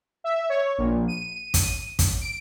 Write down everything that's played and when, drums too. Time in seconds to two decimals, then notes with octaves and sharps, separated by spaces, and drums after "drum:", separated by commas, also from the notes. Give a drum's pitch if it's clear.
0.24 E5
0.49 C#5
0.78 A#1
1.08 D#7
1.54 drum: kick, hi-hat
1.99 drum: kick, hi-hat
2.21 D7